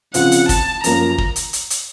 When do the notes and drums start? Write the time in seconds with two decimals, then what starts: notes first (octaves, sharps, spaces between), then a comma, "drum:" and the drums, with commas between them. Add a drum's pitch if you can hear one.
0.14 C#3 F3 C4 F4 F#5, drum: hi-hat
0.32 drum: hi-hat
0.49 A5, drum: kick, hi-hat
0.84 F#2 F3 A#3 A#5, drum: hi-hat
1.18 drum: kick
1.36 drum: hi-hat
1.53 drum: hi-hat
1.70 drum: hi-hat